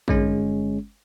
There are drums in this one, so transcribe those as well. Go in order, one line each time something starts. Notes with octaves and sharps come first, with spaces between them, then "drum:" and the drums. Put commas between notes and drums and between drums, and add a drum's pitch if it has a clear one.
G1 G#3 C#4, drum: kick A1